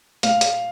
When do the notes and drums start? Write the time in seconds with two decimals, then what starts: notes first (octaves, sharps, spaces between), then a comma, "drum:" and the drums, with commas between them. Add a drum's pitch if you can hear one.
0.23 A#2 F5, drum: hi-hat
0.41 drum: hi-hat